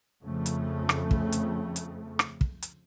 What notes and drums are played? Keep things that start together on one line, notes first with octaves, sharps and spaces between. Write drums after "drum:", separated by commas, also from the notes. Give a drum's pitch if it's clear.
F2 C#3 A3
drum: hi-hat
drum: rim click
drum: kick
drum: hi-hat
drum: hi-hat
drum: rim click
drum: kick
drum: hi-hat